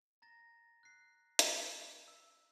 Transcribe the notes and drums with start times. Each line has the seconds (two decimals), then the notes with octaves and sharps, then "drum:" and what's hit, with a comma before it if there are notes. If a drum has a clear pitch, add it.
0.22 A#5 A6 A#6
0.83 F#6 C7
1.39 drum: hi-hat
2.08 E6